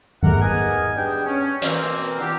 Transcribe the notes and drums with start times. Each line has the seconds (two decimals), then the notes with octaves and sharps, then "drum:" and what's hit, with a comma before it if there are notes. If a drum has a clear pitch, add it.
0.23 G#3 A3 G4 G#4 A#4 F#5, drum: tom G2
0.41 B3 D#4 G#4 A#4 D#5 G#5
0.96 G3 B3 D4 G#4 D#5 G5
1.25 C#4
1.62 B2 E3 A#3 C4, drum: hi-hat
2.19 B3 D4 E4 F4 G4